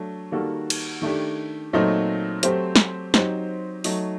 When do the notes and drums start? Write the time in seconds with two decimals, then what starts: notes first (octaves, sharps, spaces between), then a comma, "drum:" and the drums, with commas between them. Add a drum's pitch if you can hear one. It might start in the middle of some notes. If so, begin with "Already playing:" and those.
Already playing: F#3 A3 D4
0.32 D#3 G3 A#3 F#4 A4
0.70 drum: cymbal
1.02 D#3 A3 D4 G4
1.73 A#2 F#3 A3 C4 D#4
2.43 F#3 A3 C4 G4 C5, drum: hi-hat
2.76 drum: snare
3.14 F#3 C4 D#4 G4 C5, drum: snare
3.84 F#3 A3 D#4, drum: open hi-hat